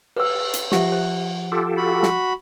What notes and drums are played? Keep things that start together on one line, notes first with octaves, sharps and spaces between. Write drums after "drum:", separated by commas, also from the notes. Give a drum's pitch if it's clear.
B4 E6, drum: cymbal
drum: hi-hat
F3 G4 E5 F#5, drum: snare
C5
F4 G4 A4
F#4 B5
drum: snare